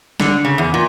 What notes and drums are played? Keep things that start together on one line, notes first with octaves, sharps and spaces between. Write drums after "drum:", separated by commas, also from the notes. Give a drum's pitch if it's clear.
D3, drum: snare
C#3
E2
A#2